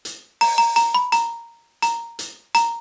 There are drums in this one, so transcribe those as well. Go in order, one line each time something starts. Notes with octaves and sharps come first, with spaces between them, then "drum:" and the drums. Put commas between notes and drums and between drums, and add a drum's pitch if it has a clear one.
drum: hi-hat
A#5, drum: open hi-hat
A#5
A#5, drum: hi-hat
B5
A#5, drum: hi-hat
A#5, drum: hi-hat
drum: hi-hat
A#5, drum: hi-hat